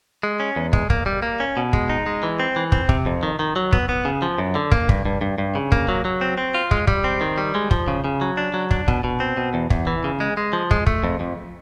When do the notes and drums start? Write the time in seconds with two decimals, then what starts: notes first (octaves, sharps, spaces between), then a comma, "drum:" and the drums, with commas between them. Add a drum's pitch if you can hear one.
0.23 G#3
0.40 C#4
0.56 E2
0.73 G#3, drum: kick
0.90 A#3, drum: kick
1.06 G3
1.22 A#3
1.40 C#4
1.57 B2
1.73 G#3, drum: kick
1.90 D#4
2.06 G#3
2.23 E3
2.40 C4
2.56 E3
2.72 C4, drum: kick
2.89 C3, drum: kick
3.06 F2
3.23 D#3
3.39 D#3
3.56 F#3
3.73 B3, drum: kick
3.89 B3
4.05 C#3
4.22 F3
4.38 F#2
4.55 D3
4.72 A#3, drum: kick
4.89 G2, drum: kick
5.05 G2
5.21 G2
5.38 G2
5.55 C#3
5.72 A#3, drum: kick
5.89 F#3
6.05 F#3
6.21 C4
6.38 C4
6.54 F4
6.71 G#3, drum: kick
6.87 G3, drum: kick
7.04 C4
7.21 D#3
7.38 G3
7.55 G#3
7.71 F3, drum: kick
7.88 C#3
8.04 C#3
8.21 F#3
8.37 D4
8.54 F#3
8.71 D4, drum: kick
8.88 B2, drum: kick
9.04 B2
9.20 C4
9.37 B2
9.54 E2
9.70 E2, drum: kick
9.87 E3
10.04 C#3
10.20 G#3
10.37 G#3
10.53 F3
10.71 G#3, drum: kick
10.86 A3, drum: kick
11.04 F2
11.20 F2